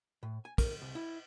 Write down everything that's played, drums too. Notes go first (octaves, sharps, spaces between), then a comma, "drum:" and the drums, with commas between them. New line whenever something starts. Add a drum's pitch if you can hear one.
A2
G#5
A#4, drum: kick, cymbal
C2
E4